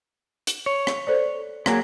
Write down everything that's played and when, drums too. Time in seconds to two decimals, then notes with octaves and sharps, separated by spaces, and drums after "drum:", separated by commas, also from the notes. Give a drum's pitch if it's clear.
0.47 drum: hi-hat
0.66 C#5
0.87 drum: rim click
1.07 A4 C5 D5
1.66 F#3 A#3 G#4, drum: rim click